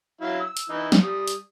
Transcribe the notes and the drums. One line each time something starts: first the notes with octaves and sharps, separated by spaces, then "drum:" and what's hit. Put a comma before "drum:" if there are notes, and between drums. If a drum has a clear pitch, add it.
F#3 E4 F5
E6
drum: hi-hat
E3 D#4 E4
drum: snare
G3 D#6
drum: hi-hat